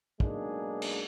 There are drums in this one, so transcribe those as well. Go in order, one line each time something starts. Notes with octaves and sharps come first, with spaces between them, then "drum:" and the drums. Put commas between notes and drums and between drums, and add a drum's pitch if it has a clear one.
B1 G#3 A#3 D4 D#4 G#4, drum: kick
drum: cymbal